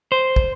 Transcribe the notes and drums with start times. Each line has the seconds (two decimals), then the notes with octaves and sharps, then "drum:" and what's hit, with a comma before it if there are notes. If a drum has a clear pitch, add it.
0.12 C5
0.36 drum: kick